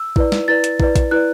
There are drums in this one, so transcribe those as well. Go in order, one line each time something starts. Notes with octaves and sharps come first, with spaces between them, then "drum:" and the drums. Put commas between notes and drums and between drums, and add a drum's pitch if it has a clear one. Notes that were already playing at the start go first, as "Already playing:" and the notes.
Already playing: E6
E4 B4 D5, drum: kick
drum: snare
E4 B4 D5 A6
drum: hi-hat
E4 B4 D5, drum: kick
drum: kick, hi-hat
E4 B4 D5 F#6